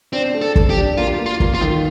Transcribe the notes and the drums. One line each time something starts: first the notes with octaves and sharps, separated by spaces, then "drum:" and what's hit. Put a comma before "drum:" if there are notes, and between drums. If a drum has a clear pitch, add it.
C4 D4
A3
A4
A3, drum: kick
G4
D4
A#3 F4
A#3
F4
A#3, drum: kick
F4
D#3